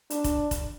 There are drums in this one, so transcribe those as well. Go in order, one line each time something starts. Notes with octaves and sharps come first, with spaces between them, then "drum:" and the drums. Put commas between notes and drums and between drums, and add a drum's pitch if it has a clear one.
D4, drum: hi-hat
drum: kick F1, hi-hat
drum: kick F1, hi-hat